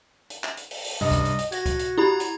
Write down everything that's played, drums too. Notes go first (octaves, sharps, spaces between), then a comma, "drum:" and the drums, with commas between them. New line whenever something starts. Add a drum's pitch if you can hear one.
drum: hi-hat
drum: clap
drum: hi-hat
drum: open hi-hat
drum: open hi-hat
G2 C3 G3 D#5
drum: kick C#2, hi-hat
drum: hi-hat
drum: hi-hat
F#4 G#6 A#6, drum: hi-hat
drum: kick C#2, hi-hat
drum: hi-hat
E4 G4 A#5 B5 G#6
drum: hi-hat